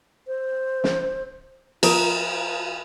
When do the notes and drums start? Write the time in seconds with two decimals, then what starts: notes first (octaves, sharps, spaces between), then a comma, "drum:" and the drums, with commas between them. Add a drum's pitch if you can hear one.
0.27 C5
0.84 drum: snare
1.83 F3 F4 A#4 D#6, drum: cymbal